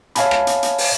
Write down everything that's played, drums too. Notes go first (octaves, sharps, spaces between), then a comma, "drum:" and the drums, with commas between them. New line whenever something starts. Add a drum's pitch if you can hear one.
C#5 E5 F5 G#5 A5 B5, drum: hi-hat
drum: rim click
drum: hi-hat
drum: hi-hat
drum: open hi-hat